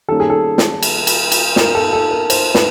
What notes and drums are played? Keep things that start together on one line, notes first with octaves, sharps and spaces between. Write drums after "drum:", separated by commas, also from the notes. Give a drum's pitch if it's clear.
D#3 G3 A#3 C#4 A4
G#4
A4
drum: snare
drum: cymbal
drum: cymbal
drum: cymbal
A#4, drum: snare
A4
A4
A#4
C5, drum: cymbal
B4, drum: snare